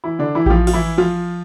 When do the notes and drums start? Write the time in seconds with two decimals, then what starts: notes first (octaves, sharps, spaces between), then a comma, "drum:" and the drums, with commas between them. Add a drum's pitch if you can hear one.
0.04 E3 E4
0.19 D3 D4
0.35 E3 E4
0.46 G4, drum: kick A1
0.50 F3 F4
0.67 F4, drum: cymbal
0.74 E3 E4
0.98 F3 F4